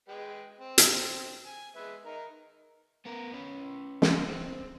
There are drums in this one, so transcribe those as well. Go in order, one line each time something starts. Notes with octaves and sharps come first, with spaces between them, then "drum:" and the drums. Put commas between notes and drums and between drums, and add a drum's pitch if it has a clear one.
G#3 B4 G5
C4
drum: hi-hat
G#5
G#3 B4 E5
D#4 A#4
B3 A#4
C#4 B4
drum: snare
C4